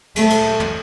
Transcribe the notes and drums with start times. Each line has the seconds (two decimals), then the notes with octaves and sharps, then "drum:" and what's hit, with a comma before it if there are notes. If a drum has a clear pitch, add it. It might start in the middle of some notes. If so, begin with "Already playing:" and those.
0.16 A3, drum: cymbal
0.30 drum: cymbal
0.60 drum: tom